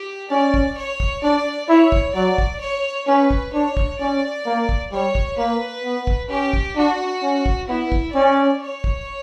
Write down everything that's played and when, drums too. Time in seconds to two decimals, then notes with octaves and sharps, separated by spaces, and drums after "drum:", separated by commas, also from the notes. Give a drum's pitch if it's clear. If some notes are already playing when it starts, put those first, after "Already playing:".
Already playing: G4
0.30 C#4 D5
0.54 drum: kick
0.77 C#5
1.00 drum: kick
1.23 D4 D5
1.69 E4 C#5
1.92 drum: kick
2.15 F#3 D5
2.38 drum: kick
2.61 C#5
3.07 C#4 B4
3.31 drum: kick
3.53 D4 C#5
3.77 drum: kick
4.00 C#4 D5
4.46 A#3
4.69 drum: kick
4.92 G3 C#5
5.15 drum: kick
5.38 A#3 B4
5.84 B3
6.07 drum: kick
6.30 C#4 G4
6.53 drum: kick
6.77 D4 F#4
7.23 C#4
7.46 drum: kick
7.69 B3 E4
7.92 drum: kick
8.15 C#4 D5
8.61 C#5
8.84 drum: kick